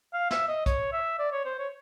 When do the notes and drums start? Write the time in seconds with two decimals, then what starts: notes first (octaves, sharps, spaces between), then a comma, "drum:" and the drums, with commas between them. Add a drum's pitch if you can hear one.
0.13 F5
0.31 E5, drum: snare
0.48 D#5
0.66 C#5, drum: kick B1, hi-hat
0.92 E5
1.19 D5
1.32 C#5
1.45 C5
1.59 C#5